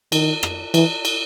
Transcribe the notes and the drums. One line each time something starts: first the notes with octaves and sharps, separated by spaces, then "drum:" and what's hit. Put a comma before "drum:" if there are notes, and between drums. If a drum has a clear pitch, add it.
D#3, drum: cymbal
drum: rim click
E3, drum: cymbal
drum: cymbal